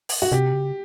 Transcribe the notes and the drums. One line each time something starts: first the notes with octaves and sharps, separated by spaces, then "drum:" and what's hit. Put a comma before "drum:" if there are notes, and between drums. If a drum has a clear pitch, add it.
drum: open hi-hat
F#4
C3 G4
C#3